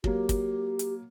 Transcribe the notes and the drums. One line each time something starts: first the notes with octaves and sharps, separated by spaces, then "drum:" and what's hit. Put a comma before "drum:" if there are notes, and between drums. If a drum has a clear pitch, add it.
F#3 A#3 G4, drum: kick
drum: kick, hi-hat
drum: hi-hat